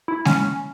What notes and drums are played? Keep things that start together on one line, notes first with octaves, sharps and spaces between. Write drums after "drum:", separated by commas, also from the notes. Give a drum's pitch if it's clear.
E4
C#4, drum: snare G#3